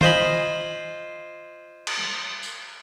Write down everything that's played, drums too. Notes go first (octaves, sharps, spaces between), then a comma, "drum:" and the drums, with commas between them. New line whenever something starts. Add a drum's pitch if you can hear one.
F4 C5 D#5 G#5 B5, drum: tom D#3
drum: cymbal
drum: tambourine